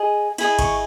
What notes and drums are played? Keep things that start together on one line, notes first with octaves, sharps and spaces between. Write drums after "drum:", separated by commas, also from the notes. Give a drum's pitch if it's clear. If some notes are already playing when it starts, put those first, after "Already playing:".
Already playing: G#4 D#5
E4 G#4 D#5, drum: cymbal
C#6, drum: kick G#1, cymbal